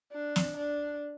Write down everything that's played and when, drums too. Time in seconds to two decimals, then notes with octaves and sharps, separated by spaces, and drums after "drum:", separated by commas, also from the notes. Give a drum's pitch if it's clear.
0.13 D4
0.36 drum: snare
0.58 D4